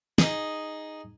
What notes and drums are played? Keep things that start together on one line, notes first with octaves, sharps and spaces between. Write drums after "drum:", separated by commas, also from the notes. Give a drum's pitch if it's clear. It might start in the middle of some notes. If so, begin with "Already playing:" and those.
D#4 G#4, drum: snare